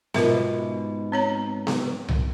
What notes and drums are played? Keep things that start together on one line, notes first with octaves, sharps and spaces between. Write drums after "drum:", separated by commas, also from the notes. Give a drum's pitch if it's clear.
G#2 B2 F4 A#4 E5, drum: snare B3
C4 C#5 A#5
drum: snare B3
drum: tom C2